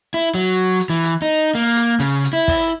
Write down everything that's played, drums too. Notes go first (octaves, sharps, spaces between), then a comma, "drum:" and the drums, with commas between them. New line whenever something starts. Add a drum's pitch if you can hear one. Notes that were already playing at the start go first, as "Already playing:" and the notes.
E4
F#3
drum: hi-hat
E3
drum: hi-hat
D#4
A#3
drum: hi-hat
C#3, drum: hi-hat
drum: hi-hat
E4
drum: kick, open hi-hat